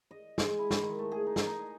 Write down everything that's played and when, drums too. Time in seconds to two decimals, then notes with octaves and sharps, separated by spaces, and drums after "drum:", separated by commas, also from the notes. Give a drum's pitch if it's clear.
0.11 D#5
0.38 G#3, drum: snare
0.59 E4
0.71 drum: snare
0.81 D#3
0.99 A3
1.12 G#4
1.27 D#4
1.36 drum: snare
1.46 D#4